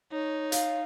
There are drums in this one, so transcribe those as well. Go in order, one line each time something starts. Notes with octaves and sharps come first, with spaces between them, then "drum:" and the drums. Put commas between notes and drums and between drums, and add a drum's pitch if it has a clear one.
D#4 C#5
F5, drum: hi-hat